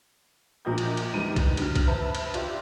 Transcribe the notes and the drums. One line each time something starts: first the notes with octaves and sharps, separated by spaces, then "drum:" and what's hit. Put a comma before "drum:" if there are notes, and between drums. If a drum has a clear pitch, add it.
A#1 A#2 A#4 D#5 D#6 G6
drum: cymbal
drum: cymbal
E2 G#2 G3 D#7
drum: kick C2, cymbal
D3 F#3 F6, drum: cymbal
drum: kick C2, cymbal
B4 C5 E5 A5 B5
drum: cymbal
F4 G4 D5 E5 C6, drum: cymbal